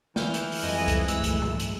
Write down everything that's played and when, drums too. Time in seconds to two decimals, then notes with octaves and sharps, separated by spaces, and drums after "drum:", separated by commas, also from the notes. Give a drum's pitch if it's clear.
0.16 E3 F6 G6, drum: snare
0.34 drum: hi-hat
0.52 drum: open hi-hat
0.63 F2 F3 G3 G#3 D#5 G#5
0.88 drum: kick C#2, hi-hat
1.08 F#2 G#3 A3 E6, drum: hi-hat
1.24 drum: kick C#2, hi-hat
1.42 drum: tom G#2
1.60 drum: hi-hat